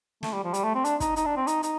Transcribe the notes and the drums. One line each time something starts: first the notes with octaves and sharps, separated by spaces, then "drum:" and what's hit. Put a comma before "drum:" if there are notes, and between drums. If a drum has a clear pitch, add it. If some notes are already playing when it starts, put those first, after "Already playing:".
A3, drum: snare
G3
F3
G3, drum: hi-hat
A3
C4
D4, drum: hi-hat
D#4, drum: kick, hi-hat
D#4, drum: hi-hat
D4
C4
D#4, drum: hi-hat
D#4, drum: hi-hat